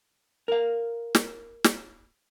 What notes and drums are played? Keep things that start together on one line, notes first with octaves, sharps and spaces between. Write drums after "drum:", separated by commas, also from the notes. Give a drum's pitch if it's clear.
A#4 F5
drum: snare
drum: snare